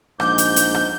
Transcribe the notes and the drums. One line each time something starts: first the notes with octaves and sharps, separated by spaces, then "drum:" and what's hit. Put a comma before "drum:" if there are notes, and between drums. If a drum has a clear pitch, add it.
A#1 G#2 D6 G6, drum: rim click
drum: hi-hat
drum: hi-hat
drum: rim click